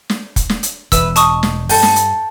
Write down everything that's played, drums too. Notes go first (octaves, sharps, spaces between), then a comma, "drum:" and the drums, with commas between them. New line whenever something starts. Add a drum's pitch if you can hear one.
drum: snare
drum: kick, hi-hat
drum: snare
drum: hi-hat
E1 E3 B4 E5 B5 E6, drum: kick, hi-hat
D#5 A5 C#6 D#6, drum: hi-hat
drum: snare
G2 A4 G5, drum: open hi-hat
drum: snare
drum: hi-hat